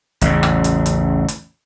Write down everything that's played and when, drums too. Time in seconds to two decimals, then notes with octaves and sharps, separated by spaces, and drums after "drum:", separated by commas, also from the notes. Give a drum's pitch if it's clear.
0.21 A1 E2 C#3, drum: hi-hat
0.43 drum: rim click
0.64 drum: hi-hat
0.86 drum: hi-hat
1.28 drum: hi-hat